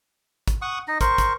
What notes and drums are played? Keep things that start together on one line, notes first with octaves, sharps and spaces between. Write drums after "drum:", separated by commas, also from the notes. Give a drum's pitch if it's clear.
drum: kick, hi-hat
F#5 C#6 D#6
D#4 D#5
A#4 C5 C#6, drum: kick, hi-hat
drum: kick, hi-hat